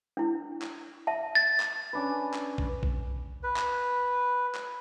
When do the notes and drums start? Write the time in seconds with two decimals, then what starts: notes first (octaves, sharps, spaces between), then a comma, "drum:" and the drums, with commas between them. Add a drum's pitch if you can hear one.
0.17 D4 E4
0.62 drum: clap
1.07 E5 A5
1.35 A6
1.60 drum: clap
1.93 C#4 D4 B4
2.34 drum: clap
2.58 drum: kick B1
2.83 drum: kick B1
3.43 B4
3.56 drum: clap
4.55 drum: clap